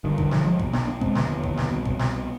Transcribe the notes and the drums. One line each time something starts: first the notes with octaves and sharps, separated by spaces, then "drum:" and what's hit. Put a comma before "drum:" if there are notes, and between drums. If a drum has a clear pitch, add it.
G1 G2 D3 D#3
D#3, drum: kick
D3 F3, drum: snare
F3 G#3
B1 B2, drum: kick
B3 D4, drum: snare
B3 D4
G#3 C4, drum: kick
F1 D#2 D3 B3, drum: snare
drum: kick
drum: snare
C2 B2
drum: kick
drum: snare